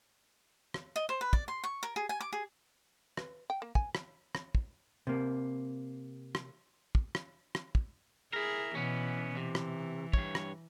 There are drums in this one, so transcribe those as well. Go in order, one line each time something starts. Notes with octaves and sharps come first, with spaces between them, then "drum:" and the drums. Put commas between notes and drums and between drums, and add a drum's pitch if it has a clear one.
drum: rim click
D#5
C5
B4
D5, drum: kick
C6
C#6
A#4
G#4
G#5
D6
G#4
B4, drum: rim click
G5
A#3
G#5, drum: kick
drum: rim click
drum: rim click
drum: kick
C3 A#3
drum: rim click
drum: kick
drum: rim click
drum: rim click
drum: kick
E4 G#4 A#4
B2 E3 B3 C#4
C3 E3
drum: rim click
G2 C#5, drum: kick
drum: rim click